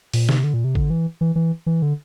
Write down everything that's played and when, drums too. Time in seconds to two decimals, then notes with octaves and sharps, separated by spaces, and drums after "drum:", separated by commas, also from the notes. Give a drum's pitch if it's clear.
0.14 A#2, drum: open hi-hat
0.29 C3, drum: snare
0.44 D3
0.54 A#2
0.64 C3
0.75 D3, drum: kick
0.90 E3
1.21 E3
1.35 E3
1.66 E3
1.82 D3